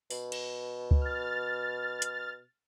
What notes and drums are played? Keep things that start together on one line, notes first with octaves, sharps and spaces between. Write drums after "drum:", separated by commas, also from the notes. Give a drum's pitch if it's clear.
B2, drum: open hi-hat
drum: cymbal
drum: kick C#2
F6 A6
drum: hi-hat